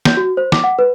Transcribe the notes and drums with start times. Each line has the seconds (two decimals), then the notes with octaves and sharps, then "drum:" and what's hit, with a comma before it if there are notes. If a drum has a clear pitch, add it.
0.05 G6, drum: snare
0.17 F#4
0.37 C5
0.52 D6, drum: snare
0.64 F#5
0.79 B4